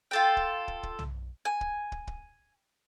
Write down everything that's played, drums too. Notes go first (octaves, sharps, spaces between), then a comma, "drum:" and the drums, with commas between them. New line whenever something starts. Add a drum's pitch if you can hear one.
F4 A4 G5
drum: kick
drum: kick
drum: kick
drum: tom
G#5
drum: kick
drum: kick
drum: kick